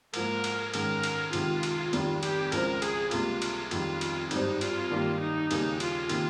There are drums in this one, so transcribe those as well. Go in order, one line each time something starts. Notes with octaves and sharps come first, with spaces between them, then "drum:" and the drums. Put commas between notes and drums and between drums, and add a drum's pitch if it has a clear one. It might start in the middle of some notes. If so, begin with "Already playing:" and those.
G#2 F3 A#3 A#4, drum: cymbal
drum: cymbal
G#2 D#3 G#3 C#4 A#4, drum: cymbal
drum: cymbal
C#2 C3 D#3 F4, drum: cymbal
drum: cymbal
F1 F2 D#3 G3, drum: cymbal
G4, drum: cymbal
C#2 C#3 F3 C4 A#4, drum: cymbal
G#4, drum: cymbal
C#2 C3 G3 A#3 F4, drum: cymbal
drum: cymbal
F2 D#3 G3 F4, drum: cymbal
drum: cymbal
G#1 G2 G3 C4 D#4, drum: cymbal
F4, drum: cymbal
G2 D#3 G3 A#3
D#4
D#2 C#3 G3 A#3 C#4, drum: cymbal
F4, drum: cymbal
C3 D#3 A#3, drum: cymbal